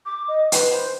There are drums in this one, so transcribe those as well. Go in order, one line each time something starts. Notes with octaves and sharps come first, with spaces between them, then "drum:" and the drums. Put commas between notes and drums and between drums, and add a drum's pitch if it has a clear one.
D6
D#5
B4, drum: hi-hat
C5